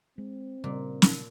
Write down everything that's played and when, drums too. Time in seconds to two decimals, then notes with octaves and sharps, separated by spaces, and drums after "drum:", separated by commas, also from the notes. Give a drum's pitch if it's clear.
0.18 G#3 C4
0.64 A#2 C#3 G3 D4
1.02 drum: snare